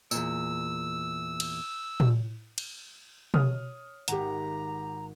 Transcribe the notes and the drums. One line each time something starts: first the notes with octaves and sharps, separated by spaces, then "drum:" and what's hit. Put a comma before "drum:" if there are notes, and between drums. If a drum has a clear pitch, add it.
E2 A#2 E6, drum: tambourine
drum: cymbal
drum: tom
drum: cymbal
C#5 D#6 F6, drum: tom
G#1 G4 F#5 A#5, drum: hi-hat